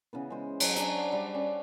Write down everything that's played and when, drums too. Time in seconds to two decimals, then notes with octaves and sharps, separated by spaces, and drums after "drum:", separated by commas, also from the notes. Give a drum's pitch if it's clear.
0.13 C#3 E3 B3
0.30 G#3 C5
0.60 F#3 G#3, drum: cymbal
0.76 F#3 D4 G#5, drum: hi-hat
1.12 G3
1.34 C#4